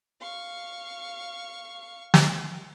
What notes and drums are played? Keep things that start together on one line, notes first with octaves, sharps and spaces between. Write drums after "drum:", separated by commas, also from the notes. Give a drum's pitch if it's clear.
F5 C#6
drum: snare